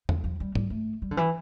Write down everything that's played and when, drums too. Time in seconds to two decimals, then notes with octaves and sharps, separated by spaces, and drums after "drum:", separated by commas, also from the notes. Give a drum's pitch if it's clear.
0.09 F3, drum: tom E2
0.24 F3
0.40 G3
0.55 G3, drum: tom G#2
0.70 A3
1.02 G3
1.11 D3
1.17 E3